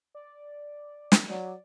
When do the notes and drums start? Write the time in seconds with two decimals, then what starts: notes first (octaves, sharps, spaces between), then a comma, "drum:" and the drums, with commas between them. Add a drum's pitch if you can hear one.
0.15 D5
1.12 drum: snare
1.29 F#3 D5